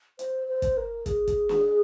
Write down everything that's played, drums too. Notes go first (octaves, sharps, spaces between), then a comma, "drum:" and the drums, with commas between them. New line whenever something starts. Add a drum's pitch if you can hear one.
C5, drum: hi-hat
C5
drum: kick, hi-hat
A#4
G#4, drum: kick, hi-hat
drum: kick, hi-hat
drum: snare